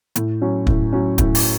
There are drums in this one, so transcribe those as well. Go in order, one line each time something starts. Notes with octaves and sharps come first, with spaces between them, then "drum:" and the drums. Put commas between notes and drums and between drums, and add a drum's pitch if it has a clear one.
A2, drum: hi-hat
F#3 C#4
A2, drum: kick
F#3 C#4
A2, drum: kick, hi-hat
drum: open hi-hat